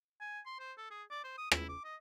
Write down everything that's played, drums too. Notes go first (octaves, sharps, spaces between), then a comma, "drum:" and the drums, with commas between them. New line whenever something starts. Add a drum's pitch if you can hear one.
G#5
C6
C5
A4
G#4
D5
C5
D#6
E4, drum: rim click
D6
D#5